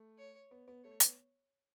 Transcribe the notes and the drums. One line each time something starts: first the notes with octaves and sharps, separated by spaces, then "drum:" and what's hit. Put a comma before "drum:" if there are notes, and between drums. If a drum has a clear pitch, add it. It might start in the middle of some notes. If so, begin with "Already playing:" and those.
Already playing: A3
C#5
B3
B3
A3 C#5
B3, drum: hi-hat